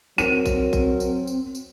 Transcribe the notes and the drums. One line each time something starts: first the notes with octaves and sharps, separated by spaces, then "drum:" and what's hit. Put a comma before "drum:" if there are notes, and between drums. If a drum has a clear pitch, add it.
F#3 C4 A#4 D#7, drum: tambourine
drum: kick A#1, tambourine
drum: kick A#1, tambourine
drum: tambourine
drum: tambourine
drum: tambourine